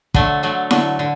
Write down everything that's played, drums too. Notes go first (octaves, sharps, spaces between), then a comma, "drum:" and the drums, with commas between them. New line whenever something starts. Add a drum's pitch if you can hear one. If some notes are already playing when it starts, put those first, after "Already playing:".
D3 F#3 A3, drum: kick
D3 F#3 A3
D3 F#3 A3, drum: snare E4
D3